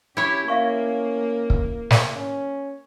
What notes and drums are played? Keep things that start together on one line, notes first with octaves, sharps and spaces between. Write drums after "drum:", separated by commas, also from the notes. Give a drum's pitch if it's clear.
C#4 E4 G4 C#5
A#3 E5 F5 C#6
drum: kick
drum: snare
C#4